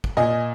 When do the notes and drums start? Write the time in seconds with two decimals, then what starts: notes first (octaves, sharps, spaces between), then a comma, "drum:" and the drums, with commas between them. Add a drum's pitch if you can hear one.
0.04 drum: kick
0.17 A#2 D#5 G#5